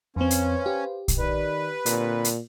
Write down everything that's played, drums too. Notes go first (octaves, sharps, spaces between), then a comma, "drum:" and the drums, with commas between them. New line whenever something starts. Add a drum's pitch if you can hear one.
F2 C4 C#4 B4 C5 F5
drum: hi-hat
G4
drum: kick A#1, hi-hat
D#3 B4 D5
A#2 D3 C4, drum: hi-hat
drum: hi-hat